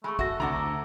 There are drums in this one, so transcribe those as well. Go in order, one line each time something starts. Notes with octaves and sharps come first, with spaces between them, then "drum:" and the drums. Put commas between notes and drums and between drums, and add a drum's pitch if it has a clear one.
G#3 A3 B5 C#6
F#4 A4 E5 A#6, drum: kick A1
D2 C3 D4 F#5 A#5